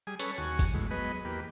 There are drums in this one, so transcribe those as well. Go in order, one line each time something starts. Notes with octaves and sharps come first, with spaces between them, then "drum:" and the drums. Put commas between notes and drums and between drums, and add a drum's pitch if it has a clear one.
G3 G#4 G#5 D#6
C#4 A4 B4 C#5, drum: hi-hat
D#2 F#4 G#5 C#6
drum: kick, hi-hat
E2 A2 G#3
F#3 B3 G#4 B4 D#5
E2 A#3 G4 B4